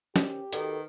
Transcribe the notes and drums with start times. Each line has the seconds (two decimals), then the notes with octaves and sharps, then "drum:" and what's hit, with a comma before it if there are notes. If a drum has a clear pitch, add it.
0.16 D#3 C4 C#4 G4, drum: snare
0.53 D#3 F#4 A4 B4 D5, drum: hi-hat